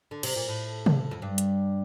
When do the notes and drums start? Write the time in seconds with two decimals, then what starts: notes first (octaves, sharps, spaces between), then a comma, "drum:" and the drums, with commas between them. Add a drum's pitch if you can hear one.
0.11 D3
0.23 C3, drum: cymbal
0.36 A#2
0.48 A2
0.86 drum: tom C3
1.11 F2
1.22 G2
1.38 drum: hi-hat